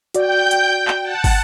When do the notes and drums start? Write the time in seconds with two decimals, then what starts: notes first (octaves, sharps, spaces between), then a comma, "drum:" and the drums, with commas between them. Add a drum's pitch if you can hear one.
0.15 F#4 D5 G5 G6, drum: hi-hat
0.51 drum: hi-hat
0.88 drum: clap
1.02 F#5 A5
1.24 drum: kick, open hi-hat